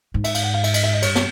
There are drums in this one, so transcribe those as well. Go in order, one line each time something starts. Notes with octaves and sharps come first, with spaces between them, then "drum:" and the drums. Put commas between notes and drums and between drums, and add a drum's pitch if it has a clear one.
G#2
E5, drum: cymbal
F5, drum: cymbal
F#5
F5
E5, drum: cymbal
D#5, drum: cymbal
E5
D#5
G2 C#5, drum: cymbal
C#5, drum: snare